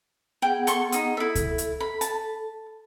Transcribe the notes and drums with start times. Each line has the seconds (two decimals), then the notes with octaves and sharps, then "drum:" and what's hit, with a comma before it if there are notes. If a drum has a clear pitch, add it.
0.42 B3 G#4 F#5 G5
0.67 A4 C6 C#6, drum: hi-hat
0.92 D#4 D#6, drum: hi-hat
1.17 E4 A4 E5
1.35 drum: kick C#2, hi-hat
1.58 drum: hi-hat
1.80 B5
2.01 A5, drum: hi-hat